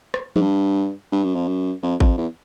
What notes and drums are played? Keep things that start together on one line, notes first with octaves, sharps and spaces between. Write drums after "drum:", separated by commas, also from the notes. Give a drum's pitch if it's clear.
drum: rim click
G#2, drum: tom
G2
G2
F#2
F2
F#2
F2
F2, drum: kick G#1
E2